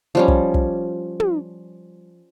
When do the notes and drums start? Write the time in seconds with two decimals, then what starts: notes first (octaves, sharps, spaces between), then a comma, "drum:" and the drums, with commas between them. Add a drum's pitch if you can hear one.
0.15 F3 G3 C#4
0.28 drum: kick
0.54 drum: kick
1.20 drum: tom